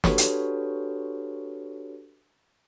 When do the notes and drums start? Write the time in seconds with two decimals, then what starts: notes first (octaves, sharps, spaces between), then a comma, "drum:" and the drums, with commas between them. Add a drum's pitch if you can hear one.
0.04 D4 F#4 G4 A4 B4 C#5, drum: snare
0.18 drum: hi-hat